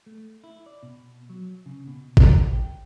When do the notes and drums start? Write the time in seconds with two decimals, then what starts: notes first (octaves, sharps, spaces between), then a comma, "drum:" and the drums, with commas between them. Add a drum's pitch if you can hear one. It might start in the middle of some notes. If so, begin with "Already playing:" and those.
0.06 A3
0.44 E4
0.66 D5
0.83 B2
1.30 F#3
1.66 C#3
1.87 B2
2.17 A#5, drum: kick G#1
2.53 G5